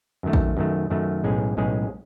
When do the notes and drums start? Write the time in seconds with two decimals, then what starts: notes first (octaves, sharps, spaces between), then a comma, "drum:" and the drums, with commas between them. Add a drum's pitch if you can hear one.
0.23 F#2 D#3 A3
0.33 drum: kick A1
0.57 F#2 D#3 A3
0.90 F#2 D#3 A3
1.24 B1 A2 G#3 C#4 G#4
1.57 B1 A2 G#3 C#4 G#4